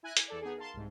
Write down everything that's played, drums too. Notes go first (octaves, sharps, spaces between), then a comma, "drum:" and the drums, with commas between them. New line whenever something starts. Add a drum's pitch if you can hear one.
E4 G#5 F#6 A#6
G#6, drum: hi-hat
E2 A4 D5
B3 D#4 G#4
A#4 F5 A5 C6
C2 G#2